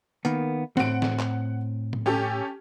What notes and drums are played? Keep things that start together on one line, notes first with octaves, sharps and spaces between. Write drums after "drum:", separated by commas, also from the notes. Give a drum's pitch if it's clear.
D#3 A#3 B3, drum: hi-hat
A2 C4 F#5 D7, drum: snare
drum: snare
drum: clap
drum: tom
C#4 G4 A4